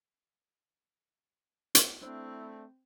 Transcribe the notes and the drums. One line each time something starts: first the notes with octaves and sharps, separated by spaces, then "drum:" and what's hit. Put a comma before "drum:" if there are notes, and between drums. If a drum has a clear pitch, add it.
drum: hi-hat
A3 C4 D4 E4 C5